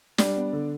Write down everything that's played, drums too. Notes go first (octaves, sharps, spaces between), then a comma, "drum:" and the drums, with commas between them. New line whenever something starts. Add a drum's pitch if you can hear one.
G3 D4 D5, drum: snare
B3
D3